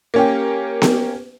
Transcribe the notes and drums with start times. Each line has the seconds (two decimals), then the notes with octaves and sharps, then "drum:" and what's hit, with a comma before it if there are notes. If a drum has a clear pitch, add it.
0.14 A#3 C#4 G4
0.82 drum: snare B3